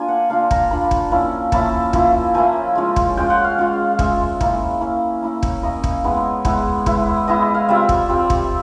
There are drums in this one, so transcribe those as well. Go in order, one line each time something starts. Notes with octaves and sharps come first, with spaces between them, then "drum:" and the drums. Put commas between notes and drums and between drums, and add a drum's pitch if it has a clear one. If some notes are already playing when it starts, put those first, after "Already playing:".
Already playing: A#3 D4 F4 G#5
F#5
A#3 D4 F4 F5
A#5, drum: kick
A#3 D4 F4 B5
drum: kick
F3 A#3 C#4 E4
F3 A#3 C#4 E4 A5, drum: kick
F3 A#3 C#4 E4, drum: kick
F3 A#3 C#4 E4 G#5
G#3 C#4 F4
drum: kick
G#3 C#4 F4 G5
F#5
F5
G#3 C#4 F4
G#3 C#4 F4 E5, drum: kick
A#3 C#4 E4, drum: kick
A#3 C#4 E4
A#3 C#4 E4
drum: kick
A#3 C#4 E4 D#5
drum: kick
G#3 B3 E4
G#3 B3 E4, drum: kick
G#3 B3 E4, drum: kick
G#3 B3 E4 D#5
F5
G3 C4 F4 E5
drum: kick
G3 C4 F4
drum: kick
E5